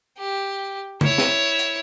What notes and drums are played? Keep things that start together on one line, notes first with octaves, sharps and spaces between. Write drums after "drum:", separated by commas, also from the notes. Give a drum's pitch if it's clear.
G4
E4 C#5, drum: tom C#3
drum: snare
drum: hi-hat